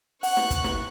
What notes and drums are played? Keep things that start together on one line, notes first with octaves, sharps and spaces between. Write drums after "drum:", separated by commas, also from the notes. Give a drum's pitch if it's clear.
F#5 C#6 F#6, drum: open hi-hat
drum: snare
drum: kick, hi-hat
drum: snare